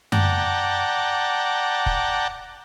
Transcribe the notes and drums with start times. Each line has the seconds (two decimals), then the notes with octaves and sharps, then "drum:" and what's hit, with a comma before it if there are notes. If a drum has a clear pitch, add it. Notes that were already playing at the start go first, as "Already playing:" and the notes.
0.12 D5 F#5 G5 A5 A#5, drum: tom F#2
1.86 drum: kick